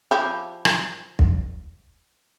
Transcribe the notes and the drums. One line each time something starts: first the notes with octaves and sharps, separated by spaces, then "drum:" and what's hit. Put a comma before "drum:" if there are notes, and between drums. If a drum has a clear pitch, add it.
F3 E4 G4
drum: rim click
drum: kick